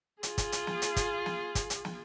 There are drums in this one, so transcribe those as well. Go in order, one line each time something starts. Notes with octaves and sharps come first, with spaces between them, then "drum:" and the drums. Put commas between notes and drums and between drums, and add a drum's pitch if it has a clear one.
F4 G#4, drum: hi-hat
drum: kick, hi-hat
drum: hi-hat
drum: snare
drum: hi-hat
drum: kick, hi-hat
drum: snare
drum: kick, hi-hat
drum: hi-hat
drum: snare